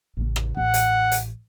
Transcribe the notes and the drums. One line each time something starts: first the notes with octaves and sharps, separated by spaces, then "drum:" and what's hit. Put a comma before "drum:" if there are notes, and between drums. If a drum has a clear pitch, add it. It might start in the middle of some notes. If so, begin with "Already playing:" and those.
A1 C#3
drum: rim click
A1 F#5
drum: hi-hat
drum: hi-hat